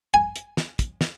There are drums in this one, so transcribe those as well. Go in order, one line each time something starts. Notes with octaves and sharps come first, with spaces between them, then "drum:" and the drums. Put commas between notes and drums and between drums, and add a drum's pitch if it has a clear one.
G#5
drum: hi-hat
drum: snare
drum: kick, hi-hat
drum: snare